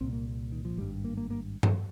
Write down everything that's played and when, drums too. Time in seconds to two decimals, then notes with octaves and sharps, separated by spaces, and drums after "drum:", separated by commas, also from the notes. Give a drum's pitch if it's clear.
0.01 C2 A#2 C4
0.13 A#3
0.52 D#3
0.65 F3
0.77 G#1 G2 G3
1.04 A#3
1.17 A#3
1.30 A#3
1.63 drum: tom G2